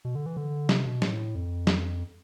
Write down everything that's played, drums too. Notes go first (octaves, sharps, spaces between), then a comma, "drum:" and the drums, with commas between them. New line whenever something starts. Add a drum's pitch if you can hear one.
B2
D3
E3
D3
C3, drum: snare
B2
A2, drum: snare
F2
drum: snare